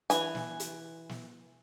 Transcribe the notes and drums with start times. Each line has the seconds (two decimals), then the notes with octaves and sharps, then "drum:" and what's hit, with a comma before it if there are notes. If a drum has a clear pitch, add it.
0.10 E3 G#5, drum: hi-hat
0.35 drum: snare
0.60 drum: hi-hat
1.09 drum: snare